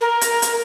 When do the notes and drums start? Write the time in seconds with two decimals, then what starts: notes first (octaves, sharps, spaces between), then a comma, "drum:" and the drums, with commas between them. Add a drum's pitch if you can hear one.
0.01 A#4
0.21 drum: hi-hat
0.42 drum: hi-hat